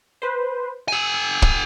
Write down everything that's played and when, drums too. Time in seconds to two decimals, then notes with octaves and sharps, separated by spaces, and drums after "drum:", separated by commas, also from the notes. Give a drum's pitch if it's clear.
0.22 B4 C5
0.88 G4 G#5 E6 C#7 D7
1.42 drum: kick